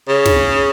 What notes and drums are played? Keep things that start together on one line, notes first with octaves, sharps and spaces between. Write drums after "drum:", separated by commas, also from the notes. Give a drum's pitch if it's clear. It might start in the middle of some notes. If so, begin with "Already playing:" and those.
C#3
drum: snare